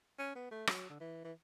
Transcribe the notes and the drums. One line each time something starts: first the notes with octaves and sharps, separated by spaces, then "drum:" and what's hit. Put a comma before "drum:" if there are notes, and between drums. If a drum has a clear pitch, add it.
C#4
B3
A3
F#3, drum: rim click
D3
E3
E3